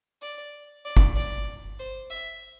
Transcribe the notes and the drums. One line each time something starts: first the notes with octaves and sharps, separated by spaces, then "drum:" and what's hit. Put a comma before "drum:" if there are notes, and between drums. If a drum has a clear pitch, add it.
D5
D5
drum: kick G1
D5
C5
E5